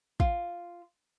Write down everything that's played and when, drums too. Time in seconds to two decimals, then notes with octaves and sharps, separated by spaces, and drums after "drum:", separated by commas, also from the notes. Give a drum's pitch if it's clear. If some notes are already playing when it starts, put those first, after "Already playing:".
0.20 F4, drum: kick